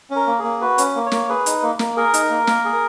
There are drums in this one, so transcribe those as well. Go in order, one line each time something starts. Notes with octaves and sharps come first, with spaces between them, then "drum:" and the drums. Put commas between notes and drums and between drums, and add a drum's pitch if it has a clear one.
C#4
A#4
A#3
G#4
A#3
F#4 B4
C#4, drum: hi-hat
A#3
C#5
A#3, drum: snare
G#4 B4
D#4, drum: hi-hat
A#3
A#3, drum: snare
G#4 A#4
D#4, drum: hi-hat
A#3
A#3, drum: snare
G#4